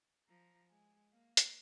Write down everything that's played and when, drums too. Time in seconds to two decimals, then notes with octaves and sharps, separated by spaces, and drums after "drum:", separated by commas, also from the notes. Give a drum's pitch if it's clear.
0.28 F3 A#5
0.70 G#3 G#5
1.11 A#3 F5
1.37 drum: hi-hat